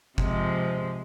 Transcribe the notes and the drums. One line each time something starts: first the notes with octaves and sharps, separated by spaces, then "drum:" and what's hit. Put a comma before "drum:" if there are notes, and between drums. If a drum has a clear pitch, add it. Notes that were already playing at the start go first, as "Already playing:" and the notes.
C3 F3 G#3, drum: kick G1